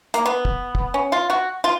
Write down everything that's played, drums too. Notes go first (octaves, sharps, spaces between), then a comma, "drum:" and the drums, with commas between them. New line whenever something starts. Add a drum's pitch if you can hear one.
A#3, drum: hi-hat
B3
drum: kick
drum: kick
C#4
F4
F#4
F4